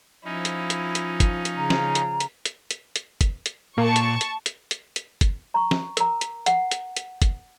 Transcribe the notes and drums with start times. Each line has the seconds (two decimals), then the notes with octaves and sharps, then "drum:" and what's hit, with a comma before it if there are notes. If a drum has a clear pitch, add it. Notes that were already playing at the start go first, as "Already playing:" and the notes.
0.25 F3 C#4 D#4 E4
0.45 drum: hi-hat
0.70 drum: hi-hat
0.95 drum: hi-hat
1.20 drum: kick, hi-hat
1.45 drum: hi-hat
1.56 C#3 A#5
1.70 drum: snare
1.95 drum: hi-hat
2.20 drum: hi-hat
2.45 drum: hi-hat
2.71 drum: hi-hat
2.96 drum: hi-hat
3.21 drum: kick, hi-hat
3.46 drum: hi-hat
3.78 A#2 A#3 A5 C#6
3.96 drum: hi-hat
4.21 drum: hi-hat
4.46 drum: hi-hat
4.71 drum: hi-hat
4.96 drum: hi-hat
5.21 drum: kick, hi-hat
5.54 A#5 C#6
5.71 drum: snare
5.97 A#4 A#5, drum: hi-hat
6.21 drum: hi-hat
6.46 F#5, drum: hi-hat
6.71 drum: hi-hat
6.97 drum: hi-hat
7.22 drum: kick, hi-hat